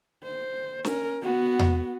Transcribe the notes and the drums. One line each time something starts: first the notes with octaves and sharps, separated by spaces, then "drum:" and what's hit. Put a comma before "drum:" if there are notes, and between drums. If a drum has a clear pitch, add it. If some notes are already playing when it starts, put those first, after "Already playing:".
C5
C#4 A#4, drum: snare
B3 F#4
drum: tom E2